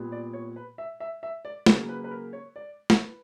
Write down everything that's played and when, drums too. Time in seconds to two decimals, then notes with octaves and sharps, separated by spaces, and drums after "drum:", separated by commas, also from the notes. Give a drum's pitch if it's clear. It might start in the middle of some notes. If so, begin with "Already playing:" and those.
Already playing: A#2 G3 B3
0.12 D5
0.33 C#5
0.56 B4
0.78 E5
1.00 E5
1.23 E5
1.45 D5
1.66 C#3 F#3 A#3 B4, drum: snare
1.89 B4
2.04 B4
2.11 A#4
2.33 C#5
2.56 D5
2.90 drum: snare
3.00 B4